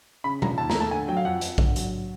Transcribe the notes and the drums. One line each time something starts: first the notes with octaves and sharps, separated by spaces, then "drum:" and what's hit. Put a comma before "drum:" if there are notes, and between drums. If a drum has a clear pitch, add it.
C#3 B5
F3 A#5, drum: tom B2
D#2 A5
A#5, drum: snare
A3
A5
D3 G#5
F#3 G5
F5
F2 F#5
F2, drum: hi-hat
D3, drum: kick A#1
F#3, drum: hi-hat